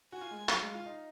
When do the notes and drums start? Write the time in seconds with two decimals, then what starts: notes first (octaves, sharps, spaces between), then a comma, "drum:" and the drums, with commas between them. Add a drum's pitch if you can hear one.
0.12 F#4 G#5
0.21 F4
0.31 G#3
0.49 F#3 F5, drum: clap
0.61 G#3
0.74 F4
0.86 D#4